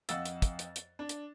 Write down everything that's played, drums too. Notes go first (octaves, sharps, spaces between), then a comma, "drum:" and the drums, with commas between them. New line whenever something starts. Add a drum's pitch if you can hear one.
F2 D#5 F5 F#5 E6 A6, drum: hi-hat
drum: hi-hat
drum: kick, hi-hat
drum: hi-hat
drum: hi-hat
D4
drum: hi-hat